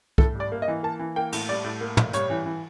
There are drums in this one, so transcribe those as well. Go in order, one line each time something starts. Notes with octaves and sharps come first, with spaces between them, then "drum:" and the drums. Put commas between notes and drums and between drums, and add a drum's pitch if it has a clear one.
A2 A4, drum: kick
G3 D5
A#3
D#5
E3
A#3 A5
E3
A#3 G5
A2, drum: cymbal
G3 D5
A2
A#3
A2, drum: tom
G3 C#5, drum: hi-hat
E3
E3